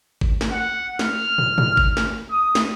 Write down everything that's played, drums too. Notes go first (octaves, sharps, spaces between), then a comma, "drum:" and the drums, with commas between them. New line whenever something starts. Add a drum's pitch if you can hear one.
drum: kick G1
drum: snare
F#5
F6, drum: snare
drum: tom
drum: tom G#2
drum: kick G1
drum: snare
D#6
drum: snare